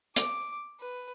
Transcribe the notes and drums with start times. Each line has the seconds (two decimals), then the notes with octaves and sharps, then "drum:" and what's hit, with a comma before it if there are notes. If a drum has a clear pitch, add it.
0.16 D6, drum: hi-hat
0.80 B4